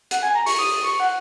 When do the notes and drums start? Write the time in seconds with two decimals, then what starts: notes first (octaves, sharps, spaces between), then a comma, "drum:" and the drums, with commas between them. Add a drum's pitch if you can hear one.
0.11 F#5, drum: hi-hat
0.23 G#5
0.35 A#5
0.46 C#6, drum: open hi-hat
0.59 D#6
0.83 C#6
1.00 F#5